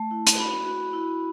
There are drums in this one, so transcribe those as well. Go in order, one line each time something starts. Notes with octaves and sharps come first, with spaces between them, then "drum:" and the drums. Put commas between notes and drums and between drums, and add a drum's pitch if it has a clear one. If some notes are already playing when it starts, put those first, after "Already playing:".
Already playing: A3 A5
E4
drum: hi-hat
F#4 B5
F#4
E4